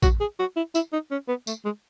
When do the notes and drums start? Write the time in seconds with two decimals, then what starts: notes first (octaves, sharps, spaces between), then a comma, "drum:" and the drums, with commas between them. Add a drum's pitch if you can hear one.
0.03 F#4, drum: kick, tambourine
0.20 G#4
0.39 F#4
0.56 E4
0.75 E4, drum: tambourine
0.93 D#4
1.11 C#4
1.28 B3
1.47 A3, drum: tambourine
1.65 G#3